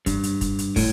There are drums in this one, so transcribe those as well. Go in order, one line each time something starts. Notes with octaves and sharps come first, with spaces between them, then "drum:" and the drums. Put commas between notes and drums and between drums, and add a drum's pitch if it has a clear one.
G2, drum: kick, hi-hat
drum: hi-hat
drum: kick, hi-hat
drum: hi-hat
A2, drum: kick, open hi-hat